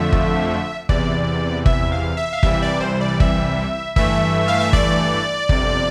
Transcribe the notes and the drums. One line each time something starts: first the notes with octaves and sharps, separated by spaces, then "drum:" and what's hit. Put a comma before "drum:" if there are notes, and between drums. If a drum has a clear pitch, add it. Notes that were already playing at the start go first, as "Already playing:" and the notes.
Already playing: F2 D3 F3 A3 E5
drum: kick
E2 C3 E3 D5, drum: kick
E5, drum: kick
F5
E5
F5
C2 C3 E3 G3 E5, drum: kick
D5
C5
D5
E5, drum: kick
G2 E3 A3 E5, drum: kick
F5
E5
D5, drum: kick
G1 F2 C3, drum: kick